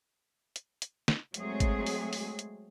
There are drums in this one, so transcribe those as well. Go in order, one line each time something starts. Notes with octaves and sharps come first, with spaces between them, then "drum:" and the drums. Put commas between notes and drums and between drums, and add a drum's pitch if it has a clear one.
drum: hi-hat
drum: hi-hat
drum: snare
F#3 G#3 A3 C4 G#4, drum: hi-hat
drum: kick G#1, hi-hat
drum: open hi-hat
drum: open hi-hat
drum: hi-hat